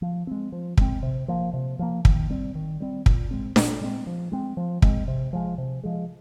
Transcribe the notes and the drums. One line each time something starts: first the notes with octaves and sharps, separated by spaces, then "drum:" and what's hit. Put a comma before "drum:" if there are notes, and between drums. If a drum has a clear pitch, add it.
F3
G#3 C4
F3
G#3 C4, drum: kick
C3
F3 A#3
C3
F3 A#3
D#3, drum: kick
G3 C4
D#3
G3 C4
A#2, drum: kick
G#3 C4
A#2, drum: snare D4
G#3 C4
F3
G#3 C4
F3
G#3 C4, drum: kick
C3
F3 G#3
C3
F3 G#3